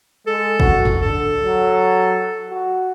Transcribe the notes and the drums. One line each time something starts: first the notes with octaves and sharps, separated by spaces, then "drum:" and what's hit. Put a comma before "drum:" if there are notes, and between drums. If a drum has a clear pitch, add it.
G#3 A4
F#4, drum: kick
drum: tom
D3 A4
F#3
F#4